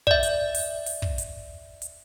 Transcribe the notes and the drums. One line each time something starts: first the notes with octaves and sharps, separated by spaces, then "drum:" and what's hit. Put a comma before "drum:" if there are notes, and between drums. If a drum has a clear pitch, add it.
D5 E5, drum: kick
drum: hi-hat
drum: open hi-hat
drum: open hi-hat
drum: kick
drum: hi-hat
drum: hi-hat